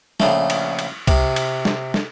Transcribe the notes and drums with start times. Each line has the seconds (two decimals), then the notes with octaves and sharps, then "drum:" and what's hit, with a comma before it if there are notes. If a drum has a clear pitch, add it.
0.20 A#1 C#3 A3, drum: snare
0.50 drum: cymbal
0.79 drum: cymbal
1.07 C3, drum: kick C2, cymbal
1.36 drum: cymbal
1.65 drum: snare
1.94 drum: snare